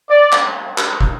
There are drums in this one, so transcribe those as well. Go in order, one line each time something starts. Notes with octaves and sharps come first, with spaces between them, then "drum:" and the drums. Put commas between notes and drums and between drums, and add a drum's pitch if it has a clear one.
D5
drum: clap
drum: clap
drum: kick